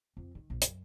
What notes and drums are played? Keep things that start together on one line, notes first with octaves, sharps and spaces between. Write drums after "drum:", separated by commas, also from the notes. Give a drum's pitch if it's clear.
F2
D#3
A#1
F#2, drum: hi-hat